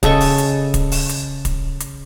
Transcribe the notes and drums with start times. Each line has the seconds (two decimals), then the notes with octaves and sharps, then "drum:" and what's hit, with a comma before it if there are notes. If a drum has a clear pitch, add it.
0.03 C#3 A4 D#5 C#6, drum: kick, hi-hat
0.20 drum: open hi-hat
0.38 drum: hi-hat
0.74 drum: kick, hi-hat
0.92 drum: open hi-hat
1.09 drum: hi-hat
1.45 drum: kick, hi-hat
1.80 drum: hi-hat